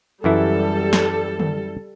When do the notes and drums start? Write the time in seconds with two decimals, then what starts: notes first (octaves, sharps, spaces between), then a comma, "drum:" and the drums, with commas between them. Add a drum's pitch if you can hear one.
0.24 F#2 E3 G3 E4 A4
0.93 drum: snare
1.40 drum: tom D3